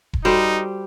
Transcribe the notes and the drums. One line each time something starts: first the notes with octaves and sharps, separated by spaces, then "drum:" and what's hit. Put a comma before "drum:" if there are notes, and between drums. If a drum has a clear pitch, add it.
drum: kick E1
G3 D#4 F#4 A4 C5